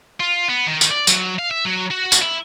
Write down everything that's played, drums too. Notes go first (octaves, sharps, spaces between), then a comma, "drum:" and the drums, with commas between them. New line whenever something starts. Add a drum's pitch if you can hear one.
F4
B3
D#3
drum: tambourine
D5
F#3, drum: tambourine
F5
E5
F#3
F#4
drum: tambourine
E4